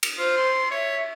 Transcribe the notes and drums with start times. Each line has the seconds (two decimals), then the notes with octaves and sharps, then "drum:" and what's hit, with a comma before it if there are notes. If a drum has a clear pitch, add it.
0.03 drum: cymbal
0.18 F4 C5
0.37 C6
0.71 C#5 E5